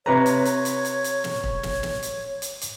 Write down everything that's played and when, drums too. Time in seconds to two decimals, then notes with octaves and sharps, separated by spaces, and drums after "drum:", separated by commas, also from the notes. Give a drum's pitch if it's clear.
0.06 C3 B4 C#5 A#5
0.26 drum: hi-hat
0.45 drum: hi-hat
0.65 drum: hi-hat
0.85 drum: hi-hat
1.04 drum: hi-hat
1.24 drum: snare
1.44 drum: kick E1
1.63 drum: snare
1.83 drum: snare
2.03 drum: hi-hat
2.42 drum: hi-hat
2.61 drum: hi-hat